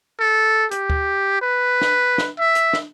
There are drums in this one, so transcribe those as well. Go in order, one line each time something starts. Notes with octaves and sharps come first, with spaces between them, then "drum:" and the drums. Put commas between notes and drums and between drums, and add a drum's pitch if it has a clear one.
A4
G4, drum: hi-hat
drum: kick D2
B4
drum: snare
drum: snare
E5
drum: hi-hat
drum: snare